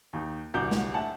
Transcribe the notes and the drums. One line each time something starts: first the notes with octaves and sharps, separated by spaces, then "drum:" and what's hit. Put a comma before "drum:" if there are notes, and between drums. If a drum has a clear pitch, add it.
D#2 D#4
D#1 C2 D3 F#4 D6 G6
drum: snare
A3 F#5 A5